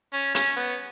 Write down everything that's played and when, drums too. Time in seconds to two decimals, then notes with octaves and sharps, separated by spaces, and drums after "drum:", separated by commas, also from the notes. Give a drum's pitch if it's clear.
0.13 C#4
0.35 C#4, drum: hi-hat
0.56 B3